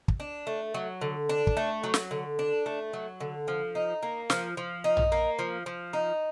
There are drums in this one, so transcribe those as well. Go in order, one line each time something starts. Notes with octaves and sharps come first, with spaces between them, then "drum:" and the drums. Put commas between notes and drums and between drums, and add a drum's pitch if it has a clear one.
drum: kick
D4
A3
F#3
D3
D4
drum: kick
A3
F#3
drum: snare
D3
D4
A3
F#3
D3
F3
D#4
A#3
F3, drum: snare
F3
D#4
drum: tom A#1
A#3
F3
F3
D#4